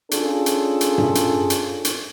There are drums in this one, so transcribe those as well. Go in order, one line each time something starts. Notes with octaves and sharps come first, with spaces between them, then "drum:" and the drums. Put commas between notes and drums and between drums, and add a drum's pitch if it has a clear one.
C#4 D4 F4 G#4 A4, drum: hi-hat
drum: hi-hat
drum: hi-hat
drum: tom G2
drum: hi-hat
drum: hi-hat
drum: hi-hat